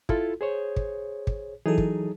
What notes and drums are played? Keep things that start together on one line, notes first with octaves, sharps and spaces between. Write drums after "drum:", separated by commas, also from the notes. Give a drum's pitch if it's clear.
E4 F4 A4, drum: kick
G#4 C5 C#5
drum: kick
drum: kick
E3 F#3 D#4 G#4 A4
drum: kick